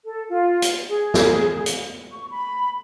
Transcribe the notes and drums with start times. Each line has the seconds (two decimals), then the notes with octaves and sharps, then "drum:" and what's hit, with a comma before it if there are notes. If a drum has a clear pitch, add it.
0.05 A4
0.29 F4
0.62 drum: hi-hat
0.88 G#4
1.14 drum: snare
1.66 drum: hi-hat
2.12 C#6
2.31 B5